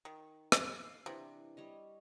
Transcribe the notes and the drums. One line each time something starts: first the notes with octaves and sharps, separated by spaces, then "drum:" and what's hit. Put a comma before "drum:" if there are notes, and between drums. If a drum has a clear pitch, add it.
D#3
drum: rim click
F5
C3 E3 D4
G3 C#5 D#5